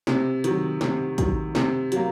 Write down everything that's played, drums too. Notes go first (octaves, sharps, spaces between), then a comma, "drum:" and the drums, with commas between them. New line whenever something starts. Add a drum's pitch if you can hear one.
C3, drum: snare
D#3 F#3, drum: hi-hat
C3, drum: snare
D#3 F#3, drum: kick, hi-hat
C3, drum: snare
F#3 A#3, drum: hi-hat